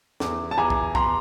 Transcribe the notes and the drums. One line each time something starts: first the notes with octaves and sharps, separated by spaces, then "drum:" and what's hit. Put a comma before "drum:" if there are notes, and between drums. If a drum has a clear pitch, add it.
E2, drum: snare
A5
E2 G#5 A#5
drum: kick
E2 A#5 C6, drum: kick